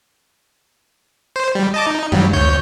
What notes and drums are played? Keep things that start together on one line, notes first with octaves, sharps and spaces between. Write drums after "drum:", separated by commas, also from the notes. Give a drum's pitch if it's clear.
C5
G3
D#5 A5 D6
D#4
F#3 G3, drum: tom F#2
D2 C#5 G6